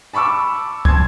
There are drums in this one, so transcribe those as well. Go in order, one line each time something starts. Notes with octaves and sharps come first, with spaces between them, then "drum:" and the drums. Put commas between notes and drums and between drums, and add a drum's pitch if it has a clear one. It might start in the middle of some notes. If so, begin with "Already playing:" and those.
A5 B5 C#6 D6 E6
A5 C6 G#6, drum: kick